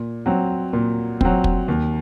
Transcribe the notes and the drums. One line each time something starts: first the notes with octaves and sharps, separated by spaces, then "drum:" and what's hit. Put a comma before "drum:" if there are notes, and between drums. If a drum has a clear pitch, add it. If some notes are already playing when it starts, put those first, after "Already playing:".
Already playing: A#2
F#3 C4
A#2
F#3 C4, drum: kick
drum: kick
D#2